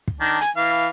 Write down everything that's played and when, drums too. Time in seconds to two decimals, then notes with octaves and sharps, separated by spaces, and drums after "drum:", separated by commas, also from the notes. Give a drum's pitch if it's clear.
0.08 drum: kick
0.21 D#3 D4
0.41 G#5, drum: hi-hat
0.56 E3 F5